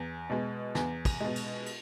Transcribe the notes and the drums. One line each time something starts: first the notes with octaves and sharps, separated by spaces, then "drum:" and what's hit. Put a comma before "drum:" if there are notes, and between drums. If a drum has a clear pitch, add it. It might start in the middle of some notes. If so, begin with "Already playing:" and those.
Already playing: E2
B2 G#3
E2, drum: snare
drum: kick, cymbal
B2 G#3
drum: cymbal
drum: cymbal